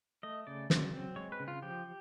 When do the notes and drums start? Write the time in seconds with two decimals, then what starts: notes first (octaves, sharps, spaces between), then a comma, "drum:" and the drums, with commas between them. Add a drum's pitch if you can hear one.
0.23 A3 D#5
0.47 C#3 D5
0.70 F#3, drum: snare
0.93 C4
1.16 G#3 C#5
1.32 B4
1.40 C#3
1.48 F4
1.62 F3 G4